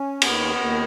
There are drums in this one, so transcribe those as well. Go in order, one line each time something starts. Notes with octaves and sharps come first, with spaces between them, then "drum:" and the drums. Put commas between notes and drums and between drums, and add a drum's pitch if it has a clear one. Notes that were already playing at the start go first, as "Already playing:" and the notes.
Already playing: C#4
D#2 D#3 B3, drum: cymbal
D#2 D#3